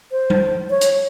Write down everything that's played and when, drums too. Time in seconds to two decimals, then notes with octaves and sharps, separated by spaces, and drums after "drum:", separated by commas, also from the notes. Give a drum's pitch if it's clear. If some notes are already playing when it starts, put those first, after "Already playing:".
0.12 C5
0.30 drum: tom G3
0.70 C#5
0.81 drum: hi-hat